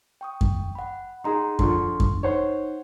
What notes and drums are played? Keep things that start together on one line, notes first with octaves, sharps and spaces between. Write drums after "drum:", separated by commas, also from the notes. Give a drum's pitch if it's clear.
G5 C#6 D#6
drum: kick F#2
F#5 B5
D#4 G#4 F#5 A#5 C6
D3 F3 C6 C#6, drum: kick F#2
drum: kick F#2
D#4 C5 C#5 F#5